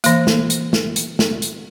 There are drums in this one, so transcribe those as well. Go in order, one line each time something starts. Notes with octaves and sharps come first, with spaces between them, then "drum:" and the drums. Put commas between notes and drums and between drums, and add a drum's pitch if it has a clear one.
E3 A#3, drum: hi-hat
drum: snare
drum: hi-hat
drum: snare
drum: hi-hat
drum: snare
drum: hi-hat